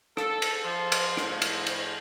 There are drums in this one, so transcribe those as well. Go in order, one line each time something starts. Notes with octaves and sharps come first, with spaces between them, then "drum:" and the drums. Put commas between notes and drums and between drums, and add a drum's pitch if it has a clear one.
A4, drum: rim click
drum: cymbal
F3 C5
drum: cymbal
A2 F3, drum: rim click
drum: cymbal
drum: cymbal